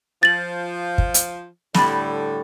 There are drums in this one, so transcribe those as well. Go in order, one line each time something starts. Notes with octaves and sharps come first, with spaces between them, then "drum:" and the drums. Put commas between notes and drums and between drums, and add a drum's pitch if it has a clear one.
F3 A6 F#7
drum: kick
drum: hi-hat
A2 D3 G3, drum: snare